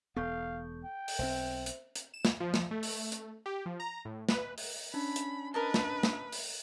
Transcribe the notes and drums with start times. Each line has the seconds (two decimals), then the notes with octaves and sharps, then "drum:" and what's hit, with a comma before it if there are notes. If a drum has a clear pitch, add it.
0.16 E1 B3 A4 F5 C#6 G6
0.85 G5
1.08 drum: open hi-hat
1.19 B1 G3 C4 C5 E5
1.66 drum: hi-hat
1.95 drum: hi-hat
2.14 E7
2.25 drum: snare
2.40 F3
2.54 drum: snare
2.71 A3
2.83 drum: open hi-hat
3.12 drum: hi-hat
3.46 G4
3.66 F3
3.80 A#5
4.05 A2
4.29 B4, drum: snare
4.58 drum: open hi-hat
4.94 C#4 D4 B5
5.16 drum: hi-hat
5.54 A#4 B4 D#5 A5
5.74 drum: snare
6.03 drum: snare
6.32 drum: open hi-hat